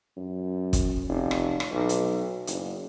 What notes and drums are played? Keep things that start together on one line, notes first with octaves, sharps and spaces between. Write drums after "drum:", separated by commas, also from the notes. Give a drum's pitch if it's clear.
F#2
drum: kick, hi-hat
F1
drum: rim click
drum: rim click
B1
drum: hi-hat
F#1, drum: hi-hat